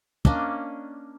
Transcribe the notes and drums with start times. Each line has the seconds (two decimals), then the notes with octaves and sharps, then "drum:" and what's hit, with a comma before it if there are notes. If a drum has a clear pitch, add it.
0.25 A#3 C#4 D4 D#5, drum: kick